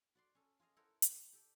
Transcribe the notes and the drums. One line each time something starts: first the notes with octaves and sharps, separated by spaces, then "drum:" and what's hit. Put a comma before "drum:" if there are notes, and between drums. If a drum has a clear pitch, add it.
F#4 D5 C6
C#4 A4
F4 G#4 D#5 F5
E4 A4 A#4 C5 C#5 F#5
A4 D5, drum: hi-hat
G4 A4 D5